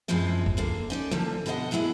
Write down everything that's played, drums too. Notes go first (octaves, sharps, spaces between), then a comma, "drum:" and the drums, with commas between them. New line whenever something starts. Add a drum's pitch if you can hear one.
F#2 A#2 E3 F3 G#3 C4
drum: kick
D3 A#3 F5
C#4 D#4 D5
D3 F3 A#3, drum: tom
B2 D3 G#4 A#4 D#5 F#5
D#3 F#3 B3 E4 G#4